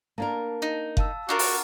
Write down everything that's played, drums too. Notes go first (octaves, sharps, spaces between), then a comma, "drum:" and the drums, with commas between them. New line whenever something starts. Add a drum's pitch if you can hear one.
A#3 D4 A#4 A5
D#4
F5 A5 E6, drum: kick F#1
D4 F4 F#4 A#4 F#5 A#5 C#6
drum: open hi-hat